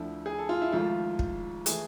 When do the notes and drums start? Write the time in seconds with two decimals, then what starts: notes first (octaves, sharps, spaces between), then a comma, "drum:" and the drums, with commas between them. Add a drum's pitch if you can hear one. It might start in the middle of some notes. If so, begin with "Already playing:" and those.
Already playing: D2 D3 F3 E4
0.26 G#4
0.39 A4
0.49 F4
0.62 E4
0.72 G#1 G#2 F3 A3 F4
1.19 drum: kick
1.66 E3 A3 G#4, drum: hi-hat